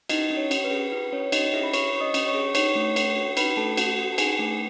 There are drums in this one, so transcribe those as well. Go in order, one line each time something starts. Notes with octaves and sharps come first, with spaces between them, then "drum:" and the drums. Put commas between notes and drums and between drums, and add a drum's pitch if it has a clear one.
D#4 E4 D#5, drum: cymbal
C#4
C#5
C#4, drum: cymbal
B4
G#4
E4 B4
C#4 C#5
C#5
C#4 D#4 D#5, drum: cymbal
E4 G#4 E5
B5
E4 C#5 C#6, drum: cymbal
C#4 C#6
D#5 D#6
C#4, drum: cymbal
C#5 C#6
G#4
D#4 C#5 C#6, drum: cymbal
A3
A4, drum: cymbal
F#4
D#4 B4 B5, drum: cymbal
A3 A4 A5
F#4 A4 F#5, drum: cymbal
F#4 F#5
A5
D#4 G#4 G#5, drum: cymbal
A3